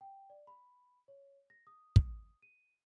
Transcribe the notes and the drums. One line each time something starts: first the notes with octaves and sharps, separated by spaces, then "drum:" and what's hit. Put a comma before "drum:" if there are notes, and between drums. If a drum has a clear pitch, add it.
G5
D5
B5
C#5
A#6
D#6
drum: kick
D#7